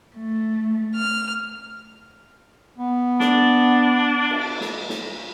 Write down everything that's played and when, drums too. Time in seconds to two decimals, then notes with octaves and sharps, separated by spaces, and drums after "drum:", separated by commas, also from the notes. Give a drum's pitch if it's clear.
0.16 A3
0.95 F6
2.78 B3
3.20 D4, drum: snare
4.30 drum: cymbal
4.61 drum: snare
4.89 drum: snare